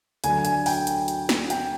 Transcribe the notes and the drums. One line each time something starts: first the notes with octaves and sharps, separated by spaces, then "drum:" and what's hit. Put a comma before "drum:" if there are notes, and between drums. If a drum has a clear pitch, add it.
D2 D3 F#3 G#5, drum: hi-hat
G#5, drum: hi-hat
G5, drum: open hi-hat
drum: hi-hat
drum: hi-hat
drum: snare
G5, drum: hi-hat